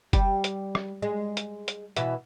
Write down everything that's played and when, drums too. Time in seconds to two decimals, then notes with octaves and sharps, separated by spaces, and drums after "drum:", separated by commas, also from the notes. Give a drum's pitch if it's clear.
0.13 G3, drum: kick F#1, hi-hat
0.44 drum: hi-hat
0.75 drum: rim click
1.02 G#3
1.37 drum: hi-hat
1.68 drum: hi-hat
1.96 B2 E3 E5, drum: hi-hat